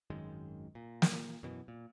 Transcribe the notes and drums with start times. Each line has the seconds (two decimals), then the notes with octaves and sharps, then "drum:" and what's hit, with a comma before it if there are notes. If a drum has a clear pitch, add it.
0.10 G#1 F#2 D#3 G#3
0.75 A#2
1.02 drum: snare
1.43 F#2 B2 E3
1.68 A#2